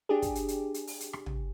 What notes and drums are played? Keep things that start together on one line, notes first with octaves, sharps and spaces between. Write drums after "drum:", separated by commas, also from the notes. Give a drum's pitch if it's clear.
D4 G4 G#4
drum: kick, hi-hat
drum: hi-hat
drum: hi-hat
drum: hi-hat
drum: open hi-hat
drum: hi-hat
drum: rim click
drum: tom